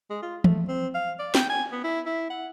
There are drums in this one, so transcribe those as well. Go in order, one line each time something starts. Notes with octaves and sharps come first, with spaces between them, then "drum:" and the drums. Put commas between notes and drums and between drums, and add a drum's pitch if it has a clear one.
G#3
F4
A3, drum: tom
C4
F5
D5
G5, drum: snare
G#5
B3
E4
E4
F#5